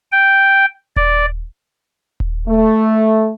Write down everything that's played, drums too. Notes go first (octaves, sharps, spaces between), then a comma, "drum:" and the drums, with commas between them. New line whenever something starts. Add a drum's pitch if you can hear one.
G5
D5, drum: kick D#1
drum: kick D#1
A3